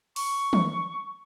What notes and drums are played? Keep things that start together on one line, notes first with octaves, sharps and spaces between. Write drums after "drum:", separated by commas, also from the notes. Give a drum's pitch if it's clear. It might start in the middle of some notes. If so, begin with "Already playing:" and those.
C#6, drum: open hi-hat
drum: tom